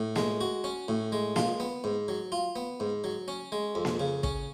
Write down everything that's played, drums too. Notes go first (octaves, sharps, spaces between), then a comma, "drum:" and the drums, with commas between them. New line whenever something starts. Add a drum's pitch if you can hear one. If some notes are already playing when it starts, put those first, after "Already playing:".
Already playing: A2
G#3, drum: snare A#3
F#4
C#4
A2
G#3
F4, drum: snare A#3
B3
G#2
F#3
F4
B3
G#2
F#3
C#4
G#3
F2
drum: snare A#3
C#3
C#4, drum: kick